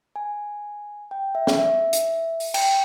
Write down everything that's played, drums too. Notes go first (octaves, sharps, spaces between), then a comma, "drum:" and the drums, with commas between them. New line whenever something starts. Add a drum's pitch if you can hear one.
G#5
G5
E5
drum: snare
E5
drum: hi-hat
drum: open hi-hat
G5, drum: cymbal